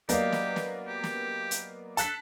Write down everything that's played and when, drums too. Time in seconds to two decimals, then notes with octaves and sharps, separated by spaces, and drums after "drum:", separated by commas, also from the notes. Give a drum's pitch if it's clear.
0.09 F#3 A#3 B3 G4 D5 D#5 F5, drum: hi-hat
0.32 drum: snare
0.56 drum: snare
0.88 G4
1.04 drum: snare
1.51 drum: hi-hat
1.97 A4 A5 F#6 B6, drum: hi-hat